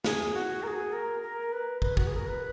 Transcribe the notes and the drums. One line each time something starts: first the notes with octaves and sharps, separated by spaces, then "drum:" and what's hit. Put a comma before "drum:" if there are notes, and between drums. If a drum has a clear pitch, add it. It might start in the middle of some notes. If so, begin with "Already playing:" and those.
G#4, drum: snare
F#4
A#4
G#4
A#4
A#4
B4
B4, drum: kick
F#4, drum: kick
G#4
A#4
B4